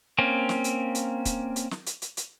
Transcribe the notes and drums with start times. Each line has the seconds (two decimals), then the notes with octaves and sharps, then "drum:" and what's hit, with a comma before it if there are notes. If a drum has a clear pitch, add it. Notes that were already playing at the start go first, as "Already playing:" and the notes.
0.18 A#3 C4 C#4
0.49 drum: snare
0.64 drum: hi-hat
0.95 drum: hi-hat
1.25 drum: kick, hi-hat
1.56 drum: hi-hat
1.71 drum: snare
1.87 drum: hi-hat
2.02 drum: hi-hat
2.17 drum: hi-hat